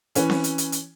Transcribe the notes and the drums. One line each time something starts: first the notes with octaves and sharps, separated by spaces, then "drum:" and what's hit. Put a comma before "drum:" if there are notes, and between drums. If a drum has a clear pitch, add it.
E3 C#4 B4, drum: hi-hat
drum: snare C4
drum: hi-hat
drum: hi-hat
drum: hi-hat